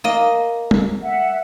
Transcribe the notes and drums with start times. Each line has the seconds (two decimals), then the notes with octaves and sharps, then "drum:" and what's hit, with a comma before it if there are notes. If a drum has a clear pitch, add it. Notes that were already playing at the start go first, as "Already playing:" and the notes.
0.04 A#3 D#5
0.71 drum: tom G3
1.01 E5 F#5